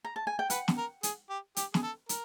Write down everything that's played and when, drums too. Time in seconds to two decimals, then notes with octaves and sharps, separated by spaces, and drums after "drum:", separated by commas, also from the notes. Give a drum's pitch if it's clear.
0.05 A#5
0.16 A5
0.27 G#5
0.39 G5
0.50 B4 F#5, drum: hi-hat
0.68 drum: snare
0.77 A#4
1.03 G#4, drum: hi-hat
1.30 G4
1.56 G4, drum: hi-hat
1.74 G#4, drum: snare
1.83 A4
2.09 A#4, drum: hi-hat